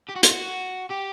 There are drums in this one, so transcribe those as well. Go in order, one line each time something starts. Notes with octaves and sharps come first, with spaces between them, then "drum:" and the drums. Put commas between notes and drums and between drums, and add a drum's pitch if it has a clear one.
G4
F#4
F4, drum: hi-hat
F#4
G4